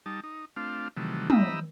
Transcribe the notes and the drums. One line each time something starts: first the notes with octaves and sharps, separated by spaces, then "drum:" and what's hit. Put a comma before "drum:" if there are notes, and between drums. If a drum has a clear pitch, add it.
G3 D#4 A5
D#4
A3 C4 D4 F4 F5
C3 D#3 E3 F#3 G3 A3
E4 G4 D#5 E5 A#5 B5, drum: tom